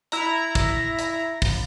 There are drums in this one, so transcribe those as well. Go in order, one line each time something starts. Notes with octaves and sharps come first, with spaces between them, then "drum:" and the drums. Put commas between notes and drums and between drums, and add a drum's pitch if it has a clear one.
E4 A#5, drum: hi-hat
drum: kick, hi-hat
drum: hi-hat
drum: kick, open hi-hat